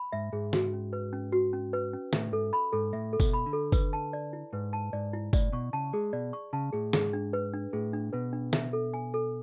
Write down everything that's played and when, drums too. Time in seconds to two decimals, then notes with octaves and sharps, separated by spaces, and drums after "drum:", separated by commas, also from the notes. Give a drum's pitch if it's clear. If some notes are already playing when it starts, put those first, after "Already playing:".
Already playing: B5
0.12 G#2 E5
0.33 G#2 G#4
0.53 F#4, drum: snare
0.73 C#4
0.93 B4
1.13 C#4
1.32 F#4
1.53 C#4
1.73 B4
1.93 C#4
2.13 A2 E5, drum: snare
2.32 G#2 A4
2.53 B5
2.73 G#2 A4
2.93 A2 E5
3.13 A4
3.20 B2, drum: kick F#1, tambourine
3.33 B5
3.46 D3
3.53 A4
3.72 B4, drum: kick F#1, tambourine
3.93 A5
4.13 D5
4.33 E4
4.53 G#2 B4
4.73 A5
4.93 G#2 D5
5.13 E4
5.33 A2 D5, drum: kick F#1, tambourine
5.52 B2 C#6
5.73 C#3 A5
5.93 G#3 G#4
6.13 B2 D5
6.33 C#6
6.53 C#3 A5
6.73 A2 G#4
6.93 G#2 G#4, drum: snare
7.13 D4
7.33 B4
7.53 D4
7.73 A2 G#4
7.93 D4
8.13 B2 B4
8.33 D4
8.53 E5, drum: snare
8.73 A4
8.94 G#5
9.14 A4